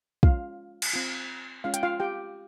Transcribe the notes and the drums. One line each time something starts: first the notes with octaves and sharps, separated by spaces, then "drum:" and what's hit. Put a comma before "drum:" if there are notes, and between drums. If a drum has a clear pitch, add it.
G#3 C#4 F4 F5, drum: kick
drum: cymbal
C4 F4
G#3 C#4 F4 F5
G5, drum: hi-hat
F4 F5
G4 G5